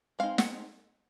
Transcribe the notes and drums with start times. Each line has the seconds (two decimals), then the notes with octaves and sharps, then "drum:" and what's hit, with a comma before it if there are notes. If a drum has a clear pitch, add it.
0.19 G#3 C4 D#4 F5
0.38 F#5, drum: snare